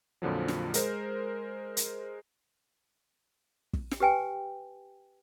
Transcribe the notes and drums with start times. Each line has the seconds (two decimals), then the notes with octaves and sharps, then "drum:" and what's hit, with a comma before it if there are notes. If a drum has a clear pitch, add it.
0.22 F2 A#2 D3 F3 F#3
0.48 drum: snare
0.74 G#3 A#4 C5, drum: hi-hat
1.77 drum: hi-hat
3.73 drum: kick
3.91 drum: snare
4.00 G4 B4 G5 G#5